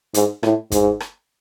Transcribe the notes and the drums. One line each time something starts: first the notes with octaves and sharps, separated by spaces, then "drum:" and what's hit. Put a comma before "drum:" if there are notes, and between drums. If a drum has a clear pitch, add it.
G#2, drum: hi-hat
A2, drum: rim click
G#2, drum: kick, hi-hat
drum: rim click